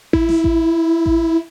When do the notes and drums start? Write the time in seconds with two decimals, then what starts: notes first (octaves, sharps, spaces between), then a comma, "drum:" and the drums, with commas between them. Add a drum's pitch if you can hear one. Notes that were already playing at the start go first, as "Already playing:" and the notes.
0.13 E4, drum: kick A1
0.29 drum: snare
0.44 drum: kick A1
1.06 drum: kick A1